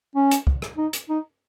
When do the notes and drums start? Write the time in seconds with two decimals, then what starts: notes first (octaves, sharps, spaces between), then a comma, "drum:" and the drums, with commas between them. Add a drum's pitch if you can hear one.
0.16 C#4
0.31 drum: hi-hat
0.47 drum: kick
0.62 drum: rim click
0.78 D#4
0.93 drum: hi-hat
1.09 D#4